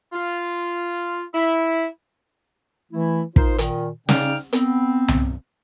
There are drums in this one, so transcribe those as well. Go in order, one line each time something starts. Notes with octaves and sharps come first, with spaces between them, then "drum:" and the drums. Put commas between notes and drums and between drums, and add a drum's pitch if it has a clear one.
F4
E4
E3 A3 E4
D#4 F4 A#4 C5, drum: kick
A#2 D#3, drum: hi-hat
C#3 C#4 D#4 D5 G5 F6, drum: snare
B3 C4, drum: hi-hat
drum: tom C2